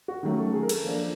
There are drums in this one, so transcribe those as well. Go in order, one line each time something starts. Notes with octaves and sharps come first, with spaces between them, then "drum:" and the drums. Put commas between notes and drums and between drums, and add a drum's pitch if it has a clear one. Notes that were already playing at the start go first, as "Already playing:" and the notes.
F#4
D#3 F#3 A3 C#4 G4
A4
G#4
A#4
A4, drum: cymbal
F3 A#3 D4